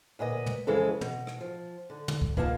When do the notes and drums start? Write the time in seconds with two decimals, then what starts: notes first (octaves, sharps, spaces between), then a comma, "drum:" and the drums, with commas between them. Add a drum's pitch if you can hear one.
0.19 D2 A#2 B4 D#5
0.46 drum: tom
0.67 F2 C#3 E3 G#3 A4
1.01 B2, drum: tom
1.27 drum: rim click
1.41 F3
1.90 D3
2.08 drum: tom
2.22 drum: kick
2.37 B2 A#3 B3 F4 A5, drum: kick